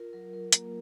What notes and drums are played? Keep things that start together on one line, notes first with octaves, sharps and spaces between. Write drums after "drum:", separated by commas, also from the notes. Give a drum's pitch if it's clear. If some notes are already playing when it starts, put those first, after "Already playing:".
Already playing: F4 A#4
F#3 A#4
F#3 A#4
A#3, drum: hi-hat